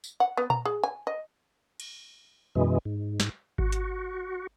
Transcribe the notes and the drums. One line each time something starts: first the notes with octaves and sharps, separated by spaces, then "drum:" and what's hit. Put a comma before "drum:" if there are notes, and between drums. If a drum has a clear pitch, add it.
drum: tambourine
F#5
B3
A#5, drum: tom A#2
G#4
G#5
D#5
drum: cymbal
F#2 B2 E3 G#3
G#2
drum: snare
F#4, drum: kick G#1
drum: hi-hat